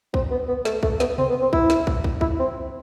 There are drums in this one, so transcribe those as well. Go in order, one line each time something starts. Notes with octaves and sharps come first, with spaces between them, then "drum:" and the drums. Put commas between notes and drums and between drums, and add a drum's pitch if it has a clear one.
C4, drum: kick
B3
B3
A3, drum: snare
A3, drum: kick
B3, drum: snare
C4, drum: tom C3
B3
C4
E4, drum: kick
drum: snare
drum: kick
drum: kick
E4, drum: kick
C4